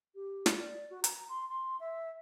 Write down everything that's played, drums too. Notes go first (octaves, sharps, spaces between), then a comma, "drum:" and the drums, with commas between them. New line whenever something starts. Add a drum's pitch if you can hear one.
G4
drum: snare
D5
F#4
A#5, drum: hi-hat
C6
C6
E5